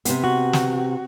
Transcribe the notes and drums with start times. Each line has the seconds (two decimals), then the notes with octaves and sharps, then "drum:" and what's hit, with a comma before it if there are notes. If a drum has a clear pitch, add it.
0.05 C3 B3, drum: hi-hat
0.24 F#4
0.53 drum: snare